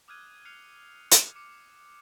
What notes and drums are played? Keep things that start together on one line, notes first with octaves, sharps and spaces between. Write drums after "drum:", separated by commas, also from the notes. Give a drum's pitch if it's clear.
D6 D#6 F6 F#6 G#6 D#7
F6 F#6 G#6 C7 C#7 F7
drum: hi-hat
D6 C#7